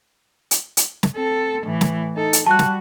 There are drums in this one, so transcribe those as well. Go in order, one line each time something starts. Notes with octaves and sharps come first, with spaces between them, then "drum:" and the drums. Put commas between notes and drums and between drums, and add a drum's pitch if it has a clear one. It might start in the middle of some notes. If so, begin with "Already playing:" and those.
drum: hi-hat
drum: hi-hat
drum: snare
C4 A4
A2 E3
drum: snare
D#4 A4
drum: hi-hat
G3 F#4 A5 F#6
drum: snare